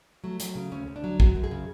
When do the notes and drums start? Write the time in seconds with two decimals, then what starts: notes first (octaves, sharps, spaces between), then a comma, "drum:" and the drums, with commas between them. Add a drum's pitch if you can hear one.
0.24 F#3 A3
0.40 F#3, drum: hi-hat
0.55 C#3
0.72 D2 C#4
0.87 D2
0.96 D4
1.04 F#3
1.20 F#2 F#4, drum: kick
1.36 F#2
1.44 G#4
1.51 C#3